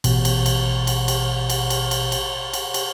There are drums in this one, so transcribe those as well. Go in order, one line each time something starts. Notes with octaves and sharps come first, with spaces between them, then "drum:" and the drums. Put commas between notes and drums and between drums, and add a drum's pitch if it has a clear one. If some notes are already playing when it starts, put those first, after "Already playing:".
A1 B2, drum: cymbal
drum: cymbal
drum: cymbal
drum: cymbal
drum: cymbal
drum: cymbal
drum: cymbal
drum: cymbal
drum: cymbal
drum: cymbal
drum: cymbal